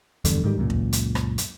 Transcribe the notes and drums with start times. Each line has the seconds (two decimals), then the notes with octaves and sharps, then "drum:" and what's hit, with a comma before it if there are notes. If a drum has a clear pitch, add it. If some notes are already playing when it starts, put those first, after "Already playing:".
0.25 F1 E2 G2 D3, drum: hi-hat
0.44 G#2 D#3 G3
0.58 C#2 F#2 A#2
0.70 drum: kick
0.93 drum: hi-hat
1.15 drum: rim click
1.38 drum: hi-hat